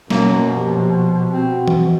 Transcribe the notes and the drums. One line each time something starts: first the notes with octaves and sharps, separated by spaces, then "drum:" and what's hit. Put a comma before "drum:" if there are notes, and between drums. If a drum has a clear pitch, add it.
F#2 B2 A#3, drum: snare
F3 G4
C4 F#4
B2, drum: tom E3